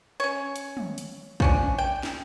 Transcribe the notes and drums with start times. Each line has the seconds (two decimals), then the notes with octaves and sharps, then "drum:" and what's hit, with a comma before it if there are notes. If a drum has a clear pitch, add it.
0.20 C#4 C#5
0.56 drum: hi-hat
0.77 drum: tom
0.98 drum: hi-hat
1.40 F3 C#4 D4, drum: kick
1.78 G5
2.03 drum: snare